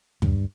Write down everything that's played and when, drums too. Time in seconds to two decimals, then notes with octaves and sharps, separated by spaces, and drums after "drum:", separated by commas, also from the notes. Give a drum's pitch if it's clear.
0.22 G2, drum: tom